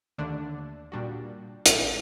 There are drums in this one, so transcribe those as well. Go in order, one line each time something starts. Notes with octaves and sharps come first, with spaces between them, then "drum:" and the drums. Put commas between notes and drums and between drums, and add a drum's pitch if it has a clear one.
D#2 D3 A3 D4
A#2 G3 D4 F#4
A1 A2 G3, drum: hi-hat